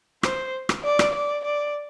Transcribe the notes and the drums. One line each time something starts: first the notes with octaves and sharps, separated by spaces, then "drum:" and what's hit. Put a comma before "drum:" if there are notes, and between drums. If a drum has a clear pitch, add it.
C5, drum: rim click
drum: rim click
D5
drum: rim click
D5
D5